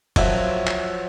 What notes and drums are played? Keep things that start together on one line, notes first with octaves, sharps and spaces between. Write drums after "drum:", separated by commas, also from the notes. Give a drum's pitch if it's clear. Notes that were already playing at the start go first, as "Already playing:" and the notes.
F3 F#3 E5, drum: kick, cymbal
drum: clap